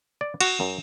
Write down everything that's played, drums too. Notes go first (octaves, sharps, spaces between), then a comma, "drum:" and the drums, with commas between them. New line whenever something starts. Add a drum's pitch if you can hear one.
D5
F#4, drum: cymbal
F#2